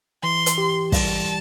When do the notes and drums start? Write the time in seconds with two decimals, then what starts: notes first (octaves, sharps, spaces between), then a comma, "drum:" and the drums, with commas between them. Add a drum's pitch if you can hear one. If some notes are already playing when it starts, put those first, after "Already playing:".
0.23 E3 C6
0.46 drum: hi-hat
0.58 G4
0.92 G3 A5, drum: kick, open hi-hat